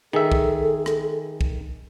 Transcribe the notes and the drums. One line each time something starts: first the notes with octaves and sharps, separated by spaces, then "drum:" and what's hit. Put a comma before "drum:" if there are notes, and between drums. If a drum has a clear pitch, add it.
D#3 G#4 A4 E5
drum: kick C2
drum: rim click
drum: kick C2